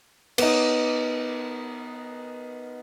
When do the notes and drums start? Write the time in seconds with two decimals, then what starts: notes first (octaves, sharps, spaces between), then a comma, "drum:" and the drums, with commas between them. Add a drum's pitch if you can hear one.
0.38 B3 D#4, drum: cymbal